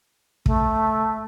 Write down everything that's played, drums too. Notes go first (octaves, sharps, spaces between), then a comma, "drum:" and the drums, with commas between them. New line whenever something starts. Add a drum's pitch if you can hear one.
A3, drum: kick